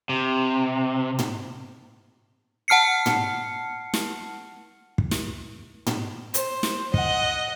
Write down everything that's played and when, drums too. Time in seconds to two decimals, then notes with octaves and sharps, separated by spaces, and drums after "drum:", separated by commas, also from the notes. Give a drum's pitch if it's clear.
0.09 C3
1.19 drum: tom
2.68 F#5 A5 F6 C7 C#7
3.06 drum: tom
3.94 drum: snare
4.98 drum: kick
5.11 drum: snare
5.86 drum: tom
6.34 C5, drum: hi-hat
6.63 drum: snare
6.94 D#5 F#5, drum: kick